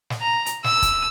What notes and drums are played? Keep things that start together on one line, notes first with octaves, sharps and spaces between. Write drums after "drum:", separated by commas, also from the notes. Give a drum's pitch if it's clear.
drum: snare
A#5
drum: hi-hat
E6, drum: snare
drum: kick, hi-hat